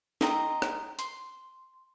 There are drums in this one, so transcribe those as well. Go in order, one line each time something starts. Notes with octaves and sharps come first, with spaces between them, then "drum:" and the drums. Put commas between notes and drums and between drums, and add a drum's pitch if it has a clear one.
C5 D#5 G5 A#5, drum: snare
drum: rim click
C6, drum: hi-hat